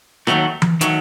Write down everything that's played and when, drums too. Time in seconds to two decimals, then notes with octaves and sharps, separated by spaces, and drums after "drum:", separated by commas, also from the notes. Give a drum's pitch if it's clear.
0.27 D#2 D#3 F#3 A3, drum: rim click
0.62 drum: tom E3
0.81 D#3 F#3 A3, drum: hi-hat